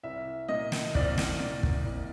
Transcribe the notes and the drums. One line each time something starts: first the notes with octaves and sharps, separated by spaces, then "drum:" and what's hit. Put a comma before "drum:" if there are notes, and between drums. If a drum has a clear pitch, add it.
C2 E5
A#2 D#5
drum: snare
C2 D5, drum: kick
drum: snare
A#2
drum: kick
C2